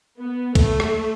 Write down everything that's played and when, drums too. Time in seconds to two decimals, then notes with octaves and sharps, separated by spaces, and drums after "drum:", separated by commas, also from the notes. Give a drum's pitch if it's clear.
0.19 B3
0.55 A3, drum: kick, cymbal
0.80 drum: rim click